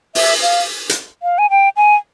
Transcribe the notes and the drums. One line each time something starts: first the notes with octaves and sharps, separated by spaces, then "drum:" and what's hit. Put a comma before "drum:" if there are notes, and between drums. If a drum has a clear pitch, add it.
E5, drum: open hi-hat
F5
drum: hi-hat
F5
G#5
G5
G#5